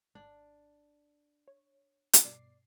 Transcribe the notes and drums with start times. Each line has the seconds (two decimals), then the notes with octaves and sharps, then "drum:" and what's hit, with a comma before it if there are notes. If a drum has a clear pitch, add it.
0.15 G#1 D4
1.48 C#5
2.13 drum: hi-hat
2.24 G2 B2 D5 C7